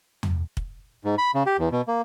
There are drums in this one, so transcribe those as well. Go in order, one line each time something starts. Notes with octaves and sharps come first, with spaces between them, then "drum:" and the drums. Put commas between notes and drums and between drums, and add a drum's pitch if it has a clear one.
drum: tom E2
drum: kick
G#2
B5
C#3
G4
E2
B2
A#3